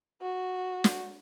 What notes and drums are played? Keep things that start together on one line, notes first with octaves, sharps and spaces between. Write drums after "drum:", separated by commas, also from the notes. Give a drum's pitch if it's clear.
F#4
drum: snare